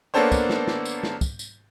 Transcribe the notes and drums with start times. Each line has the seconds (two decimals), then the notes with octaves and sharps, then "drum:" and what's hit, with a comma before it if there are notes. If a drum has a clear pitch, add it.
0.14 A#3 B3 D4 A4 C5 C#5
0.32 drum: kick, tambourine
0.50 drum: snare
0.68 drum: snare
0.85 drum: tambourine
1.03 drum: snare
1.21 drum: kick, tambourine
1.39 drum: tambourine